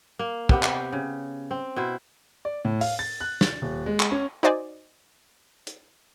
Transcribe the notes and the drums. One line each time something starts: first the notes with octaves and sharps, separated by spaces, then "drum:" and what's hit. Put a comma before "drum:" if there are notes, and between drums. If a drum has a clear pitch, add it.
A#3
C3 B3 G4, drum: kick
drum: clap
C#3
C4
B2 E4 C5
D5
A2
F5, drum: open hi-hat
A6
F#6
A6, drum: snare
D#1
G#3
drum: clap
C#4
D#4 F#4 C5 D5 D#5 G#5
drum: hi-hat